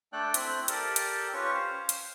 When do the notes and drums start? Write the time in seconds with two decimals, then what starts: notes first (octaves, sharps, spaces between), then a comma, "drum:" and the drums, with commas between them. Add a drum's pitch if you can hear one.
0.13 A3 D4 A4 D5 G5 F#6
0.34 C4 E4 B5 F#6, drum: hi-hat
0.68 G4 A4 A#4 D5, drum: hi-hat
0.96 drum: hi-hat
1.34 C#4 F4 G4 B4 C#5 C#6
1.54 C5 F5
1.89 drum: hi-hat